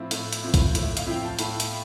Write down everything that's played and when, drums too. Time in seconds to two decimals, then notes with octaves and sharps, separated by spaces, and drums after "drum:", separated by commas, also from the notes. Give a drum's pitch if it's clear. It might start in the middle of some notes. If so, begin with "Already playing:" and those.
Already playing: A2 F3 C4 E4 B5
0.11 A2, drum: hi-hat
0.33 drum: hi-hat
0.43 F3 C4 E4
0.54 drum: kick, hi-hat
0.75 A2, drum: hi-hat
0.83 E5
0.97 F5, drum: hi-hat
1.07 F3 C4 E4 G5
1.25 A5
1.39 A2 B5, drum: hi-hat
1.60 drum: hi-hat